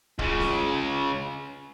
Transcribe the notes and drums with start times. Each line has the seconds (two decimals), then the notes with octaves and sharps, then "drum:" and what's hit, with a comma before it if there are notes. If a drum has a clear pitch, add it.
0.19 C#2 C#3, drum: kick
0.40 drum: snare